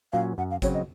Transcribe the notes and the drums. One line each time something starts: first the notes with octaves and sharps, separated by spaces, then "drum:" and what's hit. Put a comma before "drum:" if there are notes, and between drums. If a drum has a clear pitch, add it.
A#2 F#3 C#4 F5
F#2 F#5
F5
C#3 F#3 C4 C#5, drum: kick G#1, hi-hat
D#5